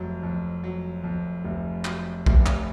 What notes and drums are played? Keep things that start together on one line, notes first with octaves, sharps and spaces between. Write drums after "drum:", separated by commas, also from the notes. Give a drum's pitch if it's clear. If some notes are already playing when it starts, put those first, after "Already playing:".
Already playing: F1 F2 F#3
F2
F#3
F2
F1
F#3, drum: clap
F1, drum: kick A#1
drum: clap